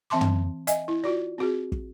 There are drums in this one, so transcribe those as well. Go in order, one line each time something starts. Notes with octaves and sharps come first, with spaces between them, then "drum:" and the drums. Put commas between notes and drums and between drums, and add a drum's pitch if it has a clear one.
E3 C4 E5 A5 C6 D6
drum: tom
D#5 E5 G#5, drum: hi-hat
E4
F4 F#4 D5
C4 F#4 G#4
drum: kick